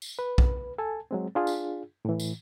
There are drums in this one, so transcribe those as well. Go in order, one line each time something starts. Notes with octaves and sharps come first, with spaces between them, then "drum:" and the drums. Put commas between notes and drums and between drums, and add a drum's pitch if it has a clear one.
drum: tambourine
B4
drum: kick
A4 G#5 A5
F#3 G#3 C4
D4 F4 G#4
drum: tambourine
A2 E3
drum: tambourine